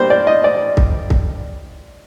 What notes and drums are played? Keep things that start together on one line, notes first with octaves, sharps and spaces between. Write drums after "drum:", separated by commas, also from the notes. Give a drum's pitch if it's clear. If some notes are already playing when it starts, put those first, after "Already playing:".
Already playing: B2 G3 A#3 D4 C5
D5
D#5
D5
drum: kick C2
drum: kick C2